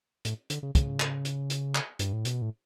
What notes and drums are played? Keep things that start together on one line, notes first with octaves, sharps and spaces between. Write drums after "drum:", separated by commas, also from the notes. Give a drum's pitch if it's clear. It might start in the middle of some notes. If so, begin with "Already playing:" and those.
A2, drum: hi-hat
D3, drum: hi-hat
C#3
C#3, drum: kick, hi-hat
drum: clap
drum: hi-hat
drum: hi-hat
drum: clap
G2, drum: hi-hat
A2
B2, drum: hi-hat
A2